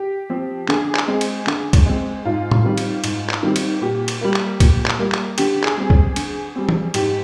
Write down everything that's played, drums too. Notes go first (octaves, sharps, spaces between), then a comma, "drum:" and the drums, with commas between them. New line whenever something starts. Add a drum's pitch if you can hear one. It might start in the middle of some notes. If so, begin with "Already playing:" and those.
Already playing: G4
F3 C4
D3 G#4, drum: clap
drum: clap
G#3 C4
drum: cymbal
D3, drum: clap
drum: kick, cymbal
G#3 C4
G#2 F4
drum: tom A2
D#3 G3 C4
drum: cymbal
G#2, drum: cymbal
drum: clap
D#3 G3 C4
drum: cymbal
A#2 G4
drum: cymbal
G3 A#3
drum: clap
A#2, drum: kick, cymbal
drum: clap
G3 A#3
drum: clap
D3 G4, drum: cymbal
G#4, drum: clap
G3 C4
G#4, drum: kick
D3, drum: cymbal
G3 C4
drum: tom
G#2 G4, drum: cymbal